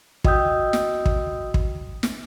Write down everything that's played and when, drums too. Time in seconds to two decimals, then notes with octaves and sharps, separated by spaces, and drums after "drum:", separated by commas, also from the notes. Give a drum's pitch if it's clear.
0.24 F#4 D#5 G5 D#6 E6 G6, drum: kick
0.73 drum: snare
1.06 drum: kick
1.54 drum: kick
2.03 drum: snare